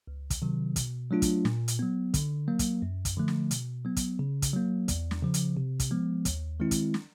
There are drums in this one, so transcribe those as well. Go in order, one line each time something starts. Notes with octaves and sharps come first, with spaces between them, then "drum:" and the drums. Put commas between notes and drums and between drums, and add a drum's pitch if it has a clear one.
C#2
drum: kick, hi-hat
C3 D#3 F#3
B2, drum: kick, hi-hat
F#3 A3 D4 F4
drum: kick, hi-hat
A#2, drum: snare
drum: hi-hat
F#3 B3
D3, drum: kick, hi-hat
F#3 A#3
drum: kick, hi-hat
F#2
drum: kick, hi-hat
D3 F3 A3
drum: snare
B2, drum: hi-hat
F#3 B3
drum: kick, hi-hat
C#3
drum: kick, hi-hat
F#3 A#3
E2, drum: kick, hi-hat
drum: snare
C#3 F3
drum: hi-hat
C3
drum: kick, hi-hat
F3 G#3 B3
D#2, drum: kick, hi-hat
D#3 G#3 C4 E4
drum: kick, hi-hat
drum: snare